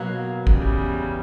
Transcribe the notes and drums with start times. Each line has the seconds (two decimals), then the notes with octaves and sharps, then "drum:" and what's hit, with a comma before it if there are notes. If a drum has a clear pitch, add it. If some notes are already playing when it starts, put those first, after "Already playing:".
Already playing: B2 F#3 A#3
0.47 E2 C#3 G3, drum: kick